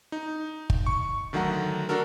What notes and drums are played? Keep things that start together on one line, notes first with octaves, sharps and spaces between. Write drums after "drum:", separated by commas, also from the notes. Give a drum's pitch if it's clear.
D#4
drum: kick
C#6
D3 D#3 F#3 A3 F#5 A#5
D4 F#4 A4 A#4